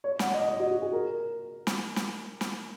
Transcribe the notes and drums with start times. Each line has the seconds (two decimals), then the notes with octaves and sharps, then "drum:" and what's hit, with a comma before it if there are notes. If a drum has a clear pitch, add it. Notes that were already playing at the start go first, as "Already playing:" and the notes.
0.04 C#5
0.19 F#5, drum: snare
0.34 D#5
0.48 D#5
0.59 F#4
0.71 F#4
0.82 G#4
0.93 A#4
1.67 drum: snare
1.96 drum: snare
2.41 drum: snare